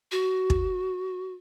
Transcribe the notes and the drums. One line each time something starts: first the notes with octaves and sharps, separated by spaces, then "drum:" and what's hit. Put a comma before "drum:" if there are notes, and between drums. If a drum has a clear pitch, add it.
F#4
drum: kick